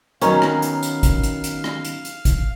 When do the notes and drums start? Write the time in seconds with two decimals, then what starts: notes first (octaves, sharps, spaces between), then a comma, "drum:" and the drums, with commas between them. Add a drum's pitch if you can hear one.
0.22 D#3 F#3 B3 C#4 A#4 F5 A#5, drum: hi-hat
0.42 drum: rim click
0.62 drum: hi-hat
0.83 drum: hi-hat
1.03 drum: kick G#1, hi-hat
1.23 drum: hi-hat
1.44 drum: hi-hat
1.64 drum: rim click
1.85 drum: hi-hat
2.05 drum: hi-hat
2.25 drum: kick G#1, hi-hat